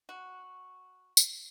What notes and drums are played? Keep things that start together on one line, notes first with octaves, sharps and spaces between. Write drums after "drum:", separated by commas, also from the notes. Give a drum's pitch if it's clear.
F#4
drum: tambourine